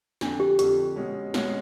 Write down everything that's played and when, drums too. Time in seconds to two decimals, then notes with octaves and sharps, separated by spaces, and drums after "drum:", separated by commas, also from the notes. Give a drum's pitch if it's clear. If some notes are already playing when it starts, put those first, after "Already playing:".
0.21 F2 D3 F3 D4, drum: snare
0.40 G4
0.59 F2 D3 F3 G4, drum: hi-hat
0.96 B2 G#3 C#4
1.34 B2 G#3 C#4, drum: snare